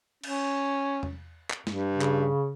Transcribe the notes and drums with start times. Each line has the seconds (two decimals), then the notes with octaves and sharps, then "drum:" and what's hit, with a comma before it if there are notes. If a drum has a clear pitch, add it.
0.24 C#4, drum: cymbal
1.03 drum: tom E2
1.50 drum: clap
1.67 G2, drum: snare
1.92 C#3
2.01 drum: clap